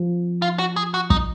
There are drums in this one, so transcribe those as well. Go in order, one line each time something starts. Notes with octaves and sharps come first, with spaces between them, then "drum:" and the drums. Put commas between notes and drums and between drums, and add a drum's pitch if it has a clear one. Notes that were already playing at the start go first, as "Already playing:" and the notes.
Already playing: F3
F4
F#4
G#4
F#4
D#4, drum: kick